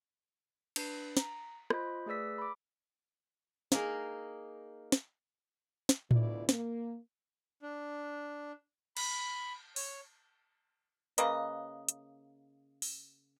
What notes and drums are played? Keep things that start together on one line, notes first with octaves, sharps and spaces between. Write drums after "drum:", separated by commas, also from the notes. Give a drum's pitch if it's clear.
D4 B4 C7, drum: cymbal
A#5, drum: snare
F4 C5 D#5 B5, drum: rim click
A3 G#4 B4 D5 E6 B6
B5 D6
A#3 D#4 G#4 A#4, drum: snare
drum: snare
drum: snare
D2 B2 E4 F4 D5, drum: tom A2
A#3, drum: snare
D4
B5, drum: cymbal
C#5, drum: open hi-hat
C#3 A#3 B4 D#5, drum: hi-hat
drum: hi-hat
drum: open hi-hat